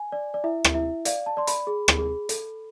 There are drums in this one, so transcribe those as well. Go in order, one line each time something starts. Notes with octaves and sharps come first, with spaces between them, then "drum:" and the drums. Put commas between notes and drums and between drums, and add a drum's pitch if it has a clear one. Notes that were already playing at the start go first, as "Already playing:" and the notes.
Already playing: G#5
D5
D5
E4 E5
drum: rim click
E4 E5
D5 F5, drum: hi-hat
A5
D5 C6
B5, drum: hi-hat
G#4
drum: rim click
G#4
A4, drum: hi-hat